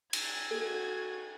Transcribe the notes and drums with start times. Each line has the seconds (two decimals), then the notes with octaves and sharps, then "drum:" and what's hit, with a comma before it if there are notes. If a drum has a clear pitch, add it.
0.13 G#6, drum: cymbal
0.51 F#4 A4